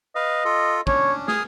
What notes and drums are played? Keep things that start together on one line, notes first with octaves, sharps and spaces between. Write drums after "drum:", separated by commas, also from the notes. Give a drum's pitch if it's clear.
B4 D#5 F5
F4 A4
C#4 D4 C#5, drum: kick
G#4 D#6 F6, drum: snare